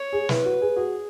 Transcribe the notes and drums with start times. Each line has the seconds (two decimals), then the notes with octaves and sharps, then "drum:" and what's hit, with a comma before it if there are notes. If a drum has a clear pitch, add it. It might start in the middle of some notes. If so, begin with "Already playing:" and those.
Already playing: C#5
0.12 G#4
0.29 E4 B4, drum: snare
0.45 F#4
0.61 G#4
0.76 F#4 G#4